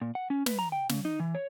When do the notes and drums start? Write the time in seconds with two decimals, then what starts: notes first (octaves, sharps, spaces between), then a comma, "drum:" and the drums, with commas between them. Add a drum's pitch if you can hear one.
0.02 A#2
0.15 F#5
0.30 C#4
0.46 B4, drum: snare
0.59 A#5
0.72 G5
0.89 C#3, drum: snare
1.05 D#4
1.20 E3
1.35 C#5